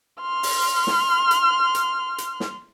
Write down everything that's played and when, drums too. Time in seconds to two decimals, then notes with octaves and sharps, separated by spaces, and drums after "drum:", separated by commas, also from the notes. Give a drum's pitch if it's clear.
0.21 C6 F6
0.43 drum: open hi-hat
0.87 drum: snare
1.31 drum: hi-hat
1.75 drum: hi-hat
2.18 drum: hi-hat
2.40 drum: snare